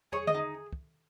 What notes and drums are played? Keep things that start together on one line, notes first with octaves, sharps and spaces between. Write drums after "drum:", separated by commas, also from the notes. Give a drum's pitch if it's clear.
G#4 C#5, drum: tom
D#5, drum: tom D3
D#4
drum: kick